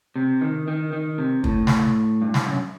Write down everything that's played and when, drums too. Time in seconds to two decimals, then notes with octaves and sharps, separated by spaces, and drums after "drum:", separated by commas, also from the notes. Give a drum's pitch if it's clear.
0.16 C3
0.41 D#3
0.68 D#3
0.93 D#3
1.18 C3
1.44 A2, drum: kick
1.67 drum: snare
2.22 G2
2.34 G2, drum: snare
2.47 F#2